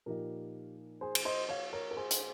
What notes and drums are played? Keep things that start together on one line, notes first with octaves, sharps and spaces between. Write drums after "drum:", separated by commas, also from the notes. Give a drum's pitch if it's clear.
A#2 F3 A#3 D#4 G4 A#4
G#4 C5
drum: cymbal
C5 D#5
C#5 F5
A#4 C#5
A#4
G#4 C5
drum: hi-hat